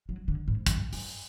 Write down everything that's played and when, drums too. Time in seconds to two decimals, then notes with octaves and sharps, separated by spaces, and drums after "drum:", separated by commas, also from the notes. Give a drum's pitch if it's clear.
0.09 F#3
0.28 D3
0.48 G#2
0.66 F#2, drum: kick, hi-hat
0.93 F#2, drum: open hi-hat